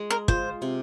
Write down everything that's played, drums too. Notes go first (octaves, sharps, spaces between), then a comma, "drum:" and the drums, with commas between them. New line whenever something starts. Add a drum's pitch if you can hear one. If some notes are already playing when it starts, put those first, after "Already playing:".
Already playing: G#3
A#4
F4 C5, drum: kick
C3